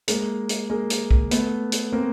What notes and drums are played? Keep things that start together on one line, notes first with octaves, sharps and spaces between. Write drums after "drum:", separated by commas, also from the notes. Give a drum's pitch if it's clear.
G#3 A#3, drum: hi-hat
drum: hi-hat
G#3 A#3
drum: hi-hat
drum: kick
A3 B3, drum: hi-hat
drum: hi-hat
A#3 C4